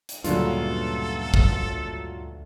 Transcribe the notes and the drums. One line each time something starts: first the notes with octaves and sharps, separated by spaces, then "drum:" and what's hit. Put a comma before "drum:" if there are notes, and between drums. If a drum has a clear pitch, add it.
drum: hi-hat
D2 G2 A#2 C#3 F#3 F4 A4 B4, drum: hi-hat
drum: kick